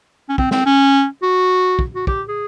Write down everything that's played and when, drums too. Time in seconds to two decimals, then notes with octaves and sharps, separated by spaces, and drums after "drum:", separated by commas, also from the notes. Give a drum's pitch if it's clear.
0.29 C#4
0.38 C4, drum: kick
0.51 C4, drum: snare
0.66 C#4
1.22 F#4
1.79 drum: kick
1.95 F#4
2.07 G4, drum: kick
2.28 G#4